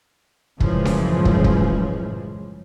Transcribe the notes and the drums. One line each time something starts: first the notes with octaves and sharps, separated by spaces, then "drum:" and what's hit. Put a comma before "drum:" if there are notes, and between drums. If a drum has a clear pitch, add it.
F#2 A2 C#3 E3 F3 G#3, drum: kick
drum: snare C#4
drum: kick
drum: kick